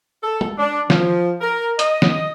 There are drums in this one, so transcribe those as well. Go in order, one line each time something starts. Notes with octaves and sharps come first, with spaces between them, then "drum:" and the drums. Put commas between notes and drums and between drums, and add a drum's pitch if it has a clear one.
A4
drum: tom G#3
D4
F3, drum: snare
A#4
D#5, drum: hi-hat
drum: snare